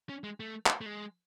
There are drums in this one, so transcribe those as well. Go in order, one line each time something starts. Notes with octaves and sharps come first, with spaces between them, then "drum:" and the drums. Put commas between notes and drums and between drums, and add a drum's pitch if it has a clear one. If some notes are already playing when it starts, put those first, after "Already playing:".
C#4
G#3
A3
drum: clap
A3
G#3